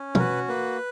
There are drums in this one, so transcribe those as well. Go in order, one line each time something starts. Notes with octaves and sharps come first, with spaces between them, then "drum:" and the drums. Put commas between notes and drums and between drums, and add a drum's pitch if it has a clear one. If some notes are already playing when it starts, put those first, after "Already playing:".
Already playing: C#4
A#4, drum: tom
F#4 B4
A#3 B4